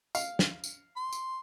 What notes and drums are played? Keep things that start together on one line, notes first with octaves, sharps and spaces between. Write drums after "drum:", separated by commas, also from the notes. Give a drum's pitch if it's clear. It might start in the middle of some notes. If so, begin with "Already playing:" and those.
F5, drum: tambourine
drum: snare
drum: tambourine
C6
drum: tambourine